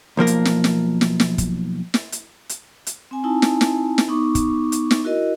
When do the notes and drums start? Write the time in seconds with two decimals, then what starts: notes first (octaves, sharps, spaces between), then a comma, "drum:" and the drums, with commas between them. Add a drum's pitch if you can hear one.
0.17 B1 F3 A#3 A#4
0.27 drum: hi-hat
0.45 drum: snare
0.64 drum: snare
1.01 drum: snare
1.20 drum: snare
1.38 drum: kick, hi-hat
1.94 drum: snare
2.12 drum: hi-hat
2.49 drum: hi-hat
2.87 drum: hi-hat
3.11 C4 G#5
3.24 C4 D#4 E4 G#5 A5
3.42 drum: snare
3.61 drum: snare
3.98 drum: snare
4.08 B3 D#4 C#6 D6
4.35 drum: kick, hi-hat
4.72 drum: hi-hat
4.91 drum: snare
5.04 E4 F#4 A#4 D#5